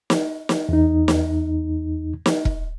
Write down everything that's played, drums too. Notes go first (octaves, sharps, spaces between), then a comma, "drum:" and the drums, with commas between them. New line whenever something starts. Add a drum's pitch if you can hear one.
drum: snare
drum: snare
E2 D#4
drum: snare
drum: snare
drum: kick E1